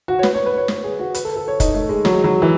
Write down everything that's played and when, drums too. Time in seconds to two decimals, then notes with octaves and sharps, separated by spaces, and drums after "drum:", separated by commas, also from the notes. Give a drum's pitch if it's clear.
0.08 F#4
0.19 C#5
0.23 B4, drum: snare
0.34 C#5
0.46 B4
0.57 C#5
0.68 B4, drum: snare
0.84 G#4
0.99 F#4
1.14 B4, drum: hi-hat
1.25 A4
1.37 A4
1.48 C#5
1.60 D#4, drum: kick, hi-hat
1.75 A3
1.89 G#3
2.05 F#3, drum: snare
2.14 G#3
2.24 F#3
2.42 E3